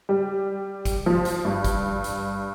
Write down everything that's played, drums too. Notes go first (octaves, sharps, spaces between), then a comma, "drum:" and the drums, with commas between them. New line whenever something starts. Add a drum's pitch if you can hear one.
G3
drum: kick G#1, hi-hat
F3
drum: hi-hat
G2
drum: kick G#1, hi-hat
drum: hi-hat